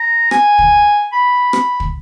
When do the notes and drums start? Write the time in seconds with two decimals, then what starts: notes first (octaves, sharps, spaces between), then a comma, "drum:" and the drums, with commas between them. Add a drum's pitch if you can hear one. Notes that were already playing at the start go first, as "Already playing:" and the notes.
Already playing: A#5
0.31 G#5, drum: rim click
0.59 drum: kick
1.13 B5
1.53 drum: rim click
1.80 drum: kick